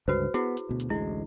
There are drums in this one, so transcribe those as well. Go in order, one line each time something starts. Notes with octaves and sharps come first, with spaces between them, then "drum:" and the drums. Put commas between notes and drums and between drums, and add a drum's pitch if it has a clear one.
C#2 G2 D3 F#4 B4 C5
B3 E4 F#4 G#4, drum: hi-hat
drum: hi-hat
D2 B2
drum: hi-hat
A1 D2 G#3 E4